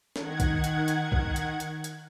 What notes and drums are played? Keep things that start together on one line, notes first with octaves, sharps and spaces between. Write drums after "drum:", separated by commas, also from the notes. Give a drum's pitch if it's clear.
D#3 F#5 G#6, drum: snare
drum: kick B1, hi-hat
drum: hi-hat
drum: hi-hat
drum: kick B1
drum: hi-hat
drum: hi-hat
drum: hi-hat